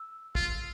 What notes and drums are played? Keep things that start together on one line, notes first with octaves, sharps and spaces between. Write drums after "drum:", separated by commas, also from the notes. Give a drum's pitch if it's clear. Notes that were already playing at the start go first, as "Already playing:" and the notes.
Already playing: E6
F4, drum: kick